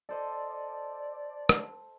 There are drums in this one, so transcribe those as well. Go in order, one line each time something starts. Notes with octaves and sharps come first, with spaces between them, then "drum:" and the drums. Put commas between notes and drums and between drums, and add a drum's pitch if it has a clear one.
A4 C5 D5 D#5
drum: rim click